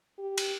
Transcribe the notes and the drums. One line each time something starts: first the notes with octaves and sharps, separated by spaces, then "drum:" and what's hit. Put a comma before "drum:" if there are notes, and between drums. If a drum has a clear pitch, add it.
G4
drum: cymbal